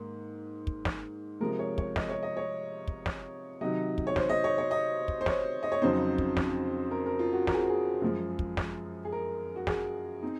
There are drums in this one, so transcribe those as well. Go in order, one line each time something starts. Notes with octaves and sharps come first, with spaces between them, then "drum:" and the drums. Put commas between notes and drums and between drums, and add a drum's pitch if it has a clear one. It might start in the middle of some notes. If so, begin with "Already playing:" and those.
Already playing: G#2 D#3 A#3
drum: kick
drum: snare
C3 F3 G#3 A#4
C#5
C#5, drum: kick
D#5, drum: snare
C#5
D#5
C#5
drum: kick
drum: snare
C3 D#3 F#3 D#5
drum: kick
C#5
C5, drum: snare
D#5
C#5
C#5
D#5
drum: kick
C5
C#5, drum: snare
D#5
C#5
F2 C#3 F#3 C4 D#4 C5
drum: kick
drum: snare
A#4
A#4
F4
F#4
A#4, drum: snare
G#4
F#4
G#4
F#2 F3 G#3
drum: kick
drum: snare
G#4
A#4
F#4
G#4, drum: snare
C4 D#4